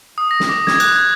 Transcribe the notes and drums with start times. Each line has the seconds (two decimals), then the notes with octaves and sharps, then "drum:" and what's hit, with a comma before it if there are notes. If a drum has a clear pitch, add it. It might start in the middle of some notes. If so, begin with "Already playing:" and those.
0.18 D#6
0.31 A#6
0.40 drum: snare
0.49 D6
0.67 G#6, drum: snare
0.80 F#6, drum: cymbal
0.96 G#6